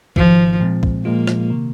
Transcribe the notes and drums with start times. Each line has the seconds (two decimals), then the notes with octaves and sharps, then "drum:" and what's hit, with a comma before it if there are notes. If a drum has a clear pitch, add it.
0.16 G#1 G#2 D#3 F3, drum: kick
0.60 A#2 G#3 C4
0.83 drum: kick
1.05 A#2 F3 G#3 A#3 F4
1.27 drum: rim click
1.50 C3 D#3